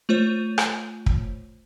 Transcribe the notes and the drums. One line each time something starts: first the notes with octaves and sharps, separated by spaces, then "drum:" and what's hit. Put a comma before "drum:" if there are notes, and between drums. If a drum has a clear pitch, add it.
A3 F4 C5 C#5
drum: rim click
drum: kick